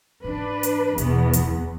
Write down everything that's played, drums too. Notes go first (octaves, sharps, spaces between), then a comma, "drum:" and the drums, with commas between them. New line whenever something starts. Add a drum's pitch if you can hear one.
G#2 E3 D4 B4
drum: hi-hat
E2 B2 B3, drum: hi-hat
D1, drum: hi-hat